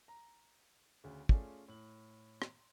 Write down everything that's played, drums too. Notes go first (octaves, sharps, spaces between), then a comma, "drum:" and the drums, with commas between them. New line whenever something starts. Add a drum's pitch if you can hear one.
A#5
D2 C#3
A3 C#4 F4 G#4 D5, drum: kick
A2 F#7
drum: rim click